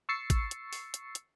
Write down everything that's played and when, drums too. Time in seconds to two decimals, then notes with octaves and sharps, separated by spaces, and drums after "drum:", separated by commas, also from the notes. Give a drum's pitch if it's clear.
0.09 C#6 E6 A6 C7 C#7
0.30 drum: kick, hi-hat
0.51 drum: hi-hat
0.73 drum: open hi-hat
0.94 drum: hi-hat
1.15 drum: hi-hat